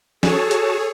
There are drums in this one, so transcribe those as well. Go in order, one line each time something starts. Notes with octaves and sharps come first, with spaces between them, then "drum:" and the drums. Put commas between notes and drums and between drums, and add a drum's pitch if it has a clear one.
F#4 G#4 A4 C#5 A5, drum: snare
drum: hi-hat